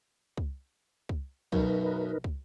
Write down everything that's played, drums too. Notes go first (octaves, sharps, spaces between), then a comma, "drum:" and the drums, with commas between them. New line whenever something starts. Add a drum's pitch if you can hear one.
drum: kick
drum: kick
B1 F#2 D#4 A#4 B4, drum: kick
drum: kick